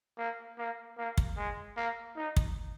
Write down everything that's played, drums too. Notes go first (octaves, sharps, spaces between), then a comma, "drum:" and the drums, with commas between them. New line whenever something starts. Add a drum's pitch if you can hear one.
A#3
A#3
A#3
drum: kick
G#3
A#3
D#4
drum: kick